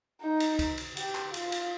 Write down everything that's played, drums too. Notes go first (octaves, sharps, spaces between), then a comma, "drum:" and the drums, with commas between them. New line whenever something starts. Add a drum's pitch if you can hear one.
D#4
drum: cymbal
drum: kick, cymbal
drum: cymbal
G4, drum: cymbal
drum: clap
F4, drum: cymbal
drum: cymbal